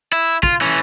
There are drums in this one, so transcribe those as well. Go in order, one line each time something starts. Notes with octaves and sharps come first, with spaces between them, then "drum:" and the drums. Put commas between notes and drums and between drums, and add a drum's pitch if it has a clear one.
E4
F4, drum: kick
E3 C#4